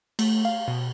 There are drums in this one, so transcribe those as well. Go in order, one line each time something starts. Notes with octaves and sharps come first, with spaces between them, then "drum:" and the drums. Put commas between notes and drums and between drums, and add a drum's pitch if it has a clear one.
A3, drum: cymbal
F5
B2